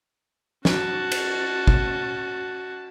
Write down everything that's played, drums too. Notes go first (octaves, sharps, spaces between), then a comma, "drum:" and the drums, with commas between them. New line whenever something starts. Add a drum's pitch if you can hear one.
C#4 F#4 A5, drum: snare
drum: cymbal
drum: kick